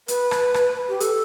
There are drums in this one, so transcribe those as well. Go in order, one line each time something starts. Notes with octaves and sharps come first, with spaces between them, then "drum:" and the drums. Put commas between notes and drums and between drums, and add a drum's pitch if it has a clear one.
B4, drum: hi-hat
drum: rim click
drum: rim click
G4
A4, drum: hi-hat